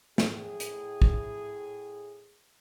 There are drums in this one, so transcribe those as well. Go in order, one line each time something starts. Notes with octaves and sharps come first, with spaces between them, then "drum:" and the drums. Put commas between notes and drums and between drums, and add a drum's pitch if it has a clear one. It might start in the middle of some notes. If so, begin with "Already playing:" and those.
A2 G#4, drum: snare
drum: hi-hat
drum: kick